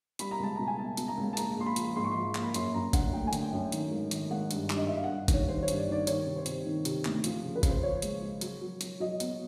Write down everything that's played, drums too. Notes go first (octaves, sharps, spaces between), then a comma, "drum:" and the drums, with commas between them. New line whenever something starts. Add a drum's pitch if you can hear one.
G3 B5, drum: hi-hat
A#5
C#2 A5
B2 A#5
G#5
B3 A5
B2, drum: hi-hat
A#5
C#2
A5
A#1 A#5, drum: hi-hat
A#1 C6
B5
F3, drum: hi-hat
G#2 C6
C#6
F3 C6
A#3, drum: clap
B5
F#2 C6, drum: hi-hat
F#2 A#5
D3 F#5, drum: kick, hi-hat
A3 G5
G#5
D3, drum: hi-hat
G5
F#2
D#3, drum: hi-hat
G#1
D#3, drum: hi-hat
G#1 F#5
G2, drum: hi-hat
G2, drum: clap
D#5
G2 E5
F5
G2 F#5
D#3, drum: kick, hi-hat
C#5
D#3 C5
C#5
G2, drum: hi-hat
D5
D#3 D5
D#3 C#5, drum: hi-hat
C3
C5
C3, drum: hi-hat
D#3
C3, drum: hi-hat
D2, drum: clap
F3, drum: hi-hat
C#3
B4
C#3, drum: kick, hi-hat
C5
F3 C#5
G#3, drum: hi-hat
G#3
F#3, drum: hi-hat
F#3
F#3, drum: hi-hat
F#3 D#5
B3, drum: hi-hat